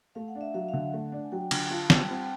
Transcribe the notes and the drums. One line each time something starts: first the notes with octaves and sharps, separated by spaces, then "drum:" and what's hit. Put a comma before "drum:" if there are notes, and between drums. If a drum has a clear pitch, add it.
A3 F5
F#5
D4
E5
F#3 F5
F5
D3 F#5
A3
D4
G#5
F#3 G5
D3 G#5, drum: cymbal
F4 A5
G3 G5, drum: snare
C4 F#5
G5